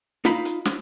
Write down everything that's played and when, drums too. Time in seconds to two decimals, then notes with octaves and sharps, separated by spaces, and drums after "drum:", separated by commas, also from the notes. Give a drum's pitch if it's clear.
0.25 D#4 F4 F5 B5, drum: hi-hat
0.45 drum: hi-hat
0.65 drum: snare